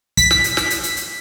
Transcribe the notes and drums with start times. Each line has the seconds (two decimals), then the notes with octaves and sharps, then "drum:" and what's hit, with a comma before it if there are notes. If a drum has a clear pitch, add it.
0.17 B6, drum: kick, hi-hat
0.31 drum: snare
0.44 drum: hi-hat
0.57 drum: snare
0.70 drum: hi-hat
0.83 drum: hi-hat
0.97 drum: hi-hat